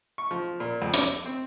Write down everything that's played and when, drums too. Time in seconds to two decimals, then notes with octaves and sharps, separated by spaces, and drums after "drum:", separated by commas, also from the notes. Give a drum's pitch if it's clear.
0.18 C#6
0.31 F3
0.60 A#2
0.82 F2
0.94 D6, drum: hi-hat
1.26 C4